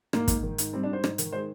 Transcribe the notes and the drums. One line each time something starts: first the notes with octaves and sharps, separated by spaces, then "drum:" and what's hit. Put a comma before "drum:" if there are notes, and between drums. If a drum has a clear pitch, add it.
G#2 A#3, drum: rim click
G#2, drum: kick, hi-hat
D#3
G#2, drum: hi-hat
G3 C4
D4
G#2
C5
G#2, drum: rim click
D#3, drum: hi-hat
G#3 C5